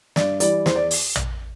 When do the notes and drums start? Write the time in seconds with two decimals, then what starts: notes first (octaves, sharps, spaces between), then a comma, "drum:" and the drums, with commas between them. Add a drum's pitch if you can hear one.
0.16 G2 D5, drum: snare
0.40 E3 G3 D5, drum: hi-hat
0.66 E2 C5, drum: snare
0.76 D5
0.91 drum: open hi-hat
1.16 drum: tom